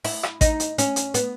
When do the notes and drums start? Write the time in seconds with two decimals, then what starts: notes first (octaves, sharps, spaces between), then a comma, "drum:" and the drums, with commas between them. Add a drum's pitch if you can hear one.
0.05 E4, drum: open hi-hat
0.23 drum: rim click
0.41 D#4, drum: kick A1, hi-hat
0.60 drum: hi-hat
0.78 C#4, drum: hi-hat
0.96 drum: hi-hat
1.14 B3, drum: hi-hat